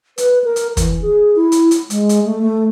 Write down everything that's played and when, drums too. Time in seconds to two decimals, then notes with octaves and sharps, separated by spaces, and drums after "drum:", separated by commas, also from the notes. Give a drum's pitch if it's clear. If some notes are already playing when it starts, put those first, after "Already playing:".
0.18 B4, drum: hi-hat
0.44 A#4
0.56 drum: hi-hat
0.77 E3, drum: kick, hi-hat
1.02 G#4
1.36 E4
1.52 drum: hi-hat
1.71 drum: hi-hat
1.90 G#3, drum: hi-hat
2.09 drum: hi-hat
2.25 A3
2.41 A3